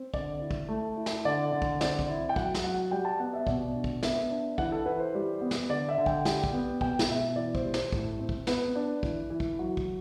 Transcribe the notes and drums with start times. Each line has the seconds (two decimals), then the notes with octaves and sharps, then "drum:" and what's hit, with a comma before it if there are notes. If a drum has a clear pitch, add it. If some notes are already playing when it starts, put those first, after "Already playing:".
Already playing: C4
0.14 D3 D5, drum: kick
0.41 E4
0.51 drum: kick
0.69 A3
0.96 E4
1.06 drum: snare
1.25 D3 D5
1.52 D3
1.62 drum: kick
1.81 C4 D5, drum: snare
1.99 drum: kick
2.08 E4
2.29 G5
2.36 F#3 F#5, drum: kick
2.54 drum: snare
2.64 F#3 F#5
2.91 G3 G5
3.05 A5
3.19 B3 F#5
3.33 E5
3.47 B2 D5, drum: kick
3.74 D4
3.84 drum: kick
4.03 B3 E5, drum: snare
4.30 D4
4.58 E3 F#5, drum: kick
4.72 A4
4.86 E3 B4
5.00 C5
5.14 G3
5.41 B3
5.51 drum: snare
5.69 D3 D5
5.89 E5
5.98 D3
6.06 G5, drum: kick
6.25 G3 G5, drum: snare
6.44 drum: kick
6.53 B3
6.81 B2 G5, drum: kick
6.99 drum: snare
7.08 B2 E5
7.36 E3 D5
7.55 C5, drum: kick
7.65 G3
7.74 C5, drum: snare
7.92 A2, drum: kick
8.19 C4
8.29 drum: kick
8.47 B3 B4, drum: snare
8.75 D4
9.03 E3, drum: kick
9.30 E3
9.40 drum: kick
9.59 F#3
9.77 drum: kick